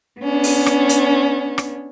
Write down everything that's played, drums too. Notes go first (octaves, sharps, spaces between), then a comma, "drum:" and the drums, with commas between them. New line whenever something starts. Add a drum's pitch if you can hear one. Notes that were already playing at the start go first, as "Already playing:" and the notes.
B3 C#4 D4
drum: open hi-hat
drum: rim click
drum: hi-hat
drum: rim click